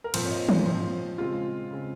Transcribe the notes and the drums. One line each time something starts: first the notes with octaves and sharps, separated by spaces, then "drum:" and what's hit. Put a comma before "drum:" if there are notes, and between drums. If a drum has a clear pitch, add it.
A#4
A#2 F3 C4 C5, drum: cymbal
C#5
D#5
C#5, drum: tom
A#2 F3 C4 C5
C#3 G#3 C4 F4
C#3 G#3 C4